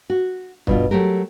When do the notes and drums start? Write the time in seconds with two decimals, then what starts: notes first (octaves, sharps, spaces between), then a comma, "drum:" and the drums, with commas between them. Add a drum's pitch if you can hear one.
0.10 F#4
0.67 G2 B2 F4, drum: kick
0.91 F#3 A3 G4 A#4